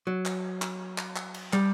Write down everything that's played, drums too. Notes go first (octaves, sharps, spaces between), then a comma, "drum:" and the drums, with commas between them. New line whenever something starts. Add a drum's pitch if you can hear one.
F#3
drum: clap
drum: clap
drum: clap
drum: clap
drum: cymbal
G3, drum: clap